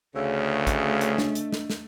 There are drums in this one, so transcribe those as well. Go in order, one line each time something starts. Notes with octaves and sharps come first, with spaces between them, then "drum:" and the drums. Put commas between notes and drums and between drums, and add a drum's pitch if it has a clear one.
D2 C#3 A3 E6
drum: kick, hi-hat
drum: hi-hat
D4 D#5, drum: snare
drum: hi-hat
drum: snare
drum: snare